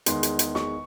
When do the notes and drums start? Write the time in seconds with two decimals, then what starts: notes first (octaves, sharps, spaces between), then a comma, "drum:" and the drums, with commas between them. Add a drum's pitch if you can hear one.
0.06 E2 D#3 G#3 C6, drum: hi-hat
0.23 drum: hi-hat
0.39 drum: hi-hat
0.55 C#6, drum: snare